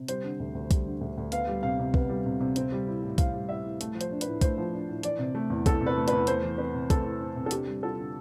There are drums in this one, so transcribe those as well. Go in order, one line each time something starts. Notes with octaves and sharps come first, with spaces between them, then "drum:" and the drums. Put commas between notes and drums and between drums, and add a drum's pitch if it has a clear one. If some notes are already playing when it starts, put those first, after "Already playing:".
Already playing: C3
G3 C5, drum: hi-hat
D3
D2
D2
G3, drum: kick, hi-hat
D3
D2
D2
B3 F5, drum: hi-hat
G3
C3 F5
C3
B3, drum: kick
G3
C3
C3
C4, drum: hi-hat
G3
E4
A2
C4 F5, drum: kick, hi-hat
G3
E4 E5
A2
A3, drum: hi-hat
F3
C5, drum: hi-hat
D4
B4, drum: hi-hat
A2
A3 C5, drum: kick, hi-hat
F3
D4
A2
E3 D5, drum: hi-hat
C3
A3
E2
E3 A4, drum: kick, hi-hat
C3
B4
A3
E2 B4, drum: hi-hat
A3 C5, drum: hi-hat
E3
C4 B4
C3
A3 A4, drum: kick, hi-hat
E3
C4
C3
A4
D4 G4, drum: hi-hat
G3
F4 A4
D3